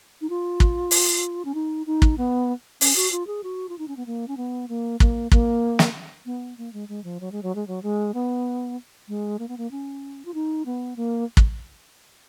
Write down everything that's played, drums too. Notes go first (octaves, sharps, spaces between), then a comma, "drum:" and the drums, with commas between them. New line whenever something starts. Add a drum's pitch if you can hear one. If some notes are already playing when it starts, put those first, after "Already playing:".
D#4
F4
drum: kick
drum: open hi-hat
C#4
D#4
D#4
drum: kick
B3
C#4, drum: open hi-hat
F#4
F4
G#4
F#4
F4
D#4
C#4
B3
A#3
C#4
B3
A#3
A#3, drum: kick
A#3, drum: kick
drum: snare
B3
A#3
G#3
G#3
F3
F#3
G#3
F#3
G#3
F#3
G#3
B3
G#3
A#3
B3
A#3
C#4
F4
D#4
B3
A#3
drum: kick